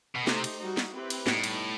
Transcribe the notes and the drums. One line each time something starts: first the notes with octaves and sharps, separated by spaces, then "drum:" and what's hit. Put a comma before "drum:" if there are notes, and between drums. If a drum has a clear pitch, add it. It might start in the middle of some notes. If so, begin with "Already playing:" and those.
B2
C3 A3 D#4 G4 C5, drum: snare
drum: cymbal
G3 D#4 F#4
drum: snare
C4 E4 G4 B4
drum: cymbal
A2 G3 B3 D#4, drum: snare
drum: cymbal